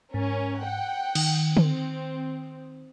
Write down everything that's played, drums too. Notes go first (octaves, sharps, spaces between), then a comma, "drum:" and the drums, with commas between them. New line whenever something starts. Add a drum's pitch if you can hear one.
G#2 C#4 A#4
F#5 G5
D#3, drum: cymbal
C4, drum: tom D3